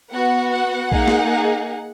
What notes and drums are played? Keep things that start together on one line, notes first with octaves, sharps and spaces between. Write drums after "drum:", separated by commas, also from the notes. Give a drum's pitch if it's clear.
B3 F#4 F#5
F#5
A#3 D#4 G#4, drum: kick A#1
drum: snare